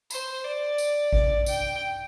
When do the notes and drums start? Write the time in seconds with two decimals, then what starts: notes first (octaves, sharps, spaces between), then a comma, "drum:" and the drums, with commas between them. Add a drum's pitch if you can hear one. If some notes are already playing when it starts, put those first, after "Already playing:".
0.10 C5, drum: tambourine
0.44 D5
0.78 drum: tambourine
1.13 drum: kick A1
1.46 G5, drum: tambourine